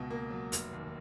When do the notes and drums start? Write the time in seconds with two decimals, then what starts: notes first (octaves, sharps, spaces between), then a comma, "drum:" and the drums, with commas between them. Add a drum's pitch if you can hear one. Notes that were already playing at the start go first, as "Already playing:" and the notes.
Already playing: C#2 B2
0.10 A#3
0.31 F#3
0.52 F1, drum: hi-hat
0.73 D#2